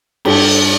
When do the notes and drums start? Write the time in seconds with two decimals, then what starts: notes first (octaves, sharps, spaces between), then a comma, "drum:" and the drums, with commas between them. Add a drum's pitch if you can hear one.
0.25 G2 G4, drum: cymbal